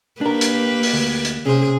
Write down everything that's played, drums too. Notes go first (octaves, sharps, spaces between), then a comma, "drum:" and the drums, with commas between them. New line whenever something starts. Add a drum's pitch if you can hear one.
A#3 D4 G4 A#4 B4
drum: hi-hat
drum: open hi-hat
D2
drum: hi-hat
C3 C#4 G#4 C5